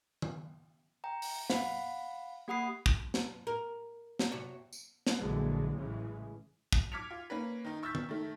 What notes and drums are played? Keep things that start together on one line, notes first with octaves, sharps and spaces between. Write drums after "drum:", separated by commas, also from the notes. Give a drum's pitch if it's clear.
drum: tom D#3
G5 A#5
drum: open hi-hat
F5 F#5 B5, drum: snare
A#3 G4 F#5 B5 D#6 C7
drum: kick
drum: snare
A#4
drum: snare
C3 F#4 C#5
drum: tambourine
drum: snare
A#1 A#2 D3 E3 F#3 G#3
A1 C#3 E3 G#3
drum: kick
D6 F6 G#6 B6 C#7 F7
F4
A#3 C#4 B4
D#3 D#4
C#6 E6 F6 G6 A6 B6
drum: tom D#3
D#3 A3